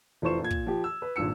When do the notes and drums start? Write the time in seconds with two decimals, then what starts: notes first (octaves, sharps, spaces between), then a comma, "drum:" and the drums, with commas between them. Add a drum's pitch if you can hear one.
0.22 F1 E3 F4 C5 C#6 E7
0.40 A#2 G#6
0.51 drum: kick
0.67 F3 G4
0.84 E6
1.02 B4
1.16 G#1 G2 A#2 E6 C#7